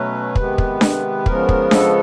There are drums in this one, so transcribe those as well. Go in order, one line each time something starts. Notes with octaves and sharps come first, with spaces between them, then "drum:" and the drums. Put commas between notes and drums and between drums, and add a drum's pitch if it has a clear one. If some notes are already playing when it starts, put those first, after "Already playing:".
Already playing: B2 F#3 A3 C#4 B4
C3 D#3 G#3 B3, drum: kick
drum: kick
drum: snare D4
C#3 F3 G#3 B3 A#4, drum: kick
drum: kick
A4, drum: snare D4